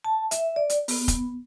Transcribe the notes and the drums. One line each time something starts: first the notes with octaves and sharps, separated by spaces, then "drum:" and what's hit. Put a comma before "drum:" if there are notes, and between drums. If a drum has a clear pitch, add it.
A5
E5, drum: hi-hat
D5
drum: hi-hat
B3, drum: open hi-hat
drum: kick, hi-hat